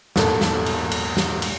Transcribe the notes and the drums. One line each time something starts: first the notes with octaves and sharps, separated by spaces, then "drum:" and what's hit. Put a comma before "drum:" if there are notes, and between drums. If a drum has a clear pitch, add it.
A#1 E2 G#2 F#3 A#3 A4, drum: snare
drum: snare
drum: cymbal
drum: cymbal
drum: snare
drum: cymbal